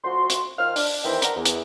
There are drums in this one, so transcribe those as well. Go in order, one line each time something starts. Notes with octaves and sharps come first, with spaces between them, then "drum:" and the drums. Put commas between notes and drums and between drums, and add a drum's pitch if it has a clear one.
D2 F3 F#4 C6
drum: hi-hat
D#3 F4 C5 F6
D4, drum: open hi-hat
E2 D#3 E3 C5 E5 G5
D4 A#4 F#5 A#5, drum: hi-hat
E2
drum: hi-hat